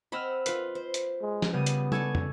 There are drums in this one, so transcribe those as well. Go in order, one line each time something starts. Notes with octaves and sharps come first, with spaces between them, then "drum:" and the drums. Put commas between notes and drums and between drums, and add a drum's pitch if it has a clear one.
C4 D#5 F#5 B5 E6 F6
F4 B4, drum: hi-hat
C5
drum: hi-hat
G#3
drum: snare
C#3 G3 B3 D#6
drum: hi-hat
A4 D5 G#5 A5 C#6 E6, drum: tom
drum: tom